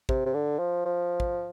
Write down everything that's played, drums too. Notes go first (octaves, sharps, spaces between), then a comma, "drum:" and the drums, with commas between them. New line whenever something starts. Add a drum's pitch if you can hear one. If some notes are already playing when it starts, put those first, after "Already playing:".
C3, drum: kick
C3
D3
F3
F3
drum: kick